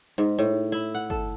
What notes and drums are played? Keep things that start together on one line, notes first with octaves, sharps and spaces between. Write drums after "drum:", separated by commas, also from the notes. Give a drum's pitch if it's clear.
G#2
A2
E4
F#5
A4, drum: kick